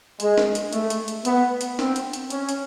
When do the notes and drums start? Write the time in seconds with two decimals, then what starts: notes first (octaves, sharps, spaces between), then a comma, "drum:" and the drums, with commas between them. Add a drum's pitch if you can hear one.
0.20 G#3, drum: hi-hat
0.38 drum: snare
0.55 drum: hi-hat
0.73 A3, drum: hi-hat
0.90 drum: hi-hat
1.08 drum: hi-hat
1.25 B3, drum: hi-hat
1.61 drum: hi-hat
1.79 C4, drum: snare
1.96 drum: hi-hat
2.13 drum: hi-hat
2.30 C#4, drum: hi-hat
2.49 drum: hi-hat